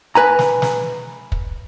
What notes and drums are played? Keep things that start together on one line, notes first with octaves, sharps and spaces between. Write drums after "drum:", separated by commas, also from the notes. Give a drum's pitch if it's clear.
B4 G#5 A#5
drum: snare
drum: snare
drum: kick